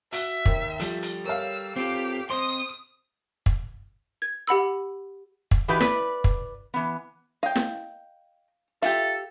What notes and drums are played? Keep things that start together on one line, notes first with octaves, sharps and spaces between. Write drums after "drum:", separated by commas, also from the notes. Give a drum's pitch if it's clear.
F#4 E5, drum: hi-hat
D#2 D#3, drum: kick
F3 G3 A4, drum: hi-hat
drum: hi-hat
A#4 C#5 F5 E6
C4 F4 G4 A4
C4 C5 D#5 C6 D#6
drum: kick
G#6
G4 F#5 B5 E6
drum: kick
E3 D#4 F#4 G4 B4
B4 D5, drum: snare
drum: kick
E3 B3
D#5 F5 G5
drum: snare
F4 G4 A4 E5 F5, drum: hi-hat